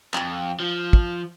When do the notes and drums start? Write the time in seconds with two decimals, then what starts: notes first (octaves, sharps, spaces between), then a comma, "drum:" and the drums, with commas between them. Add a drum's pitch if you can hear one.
0.14 F2, drum: clap
0.60 F3
0.93 drum: kick